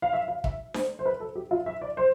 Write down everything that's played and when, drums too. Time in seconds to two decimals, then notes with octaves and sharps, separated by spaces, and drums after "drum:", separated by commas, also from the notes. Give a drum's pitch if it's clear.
0.02 F5
0.13 E5
0.28 F5
0.44 E5, drum: kick
0.74 C5, drum: snare D4
0.99 C5
1.06 B4
1.20 A4
1.35 G4
1.51 F4
1.66 E5
1.82 D5
1.97 C5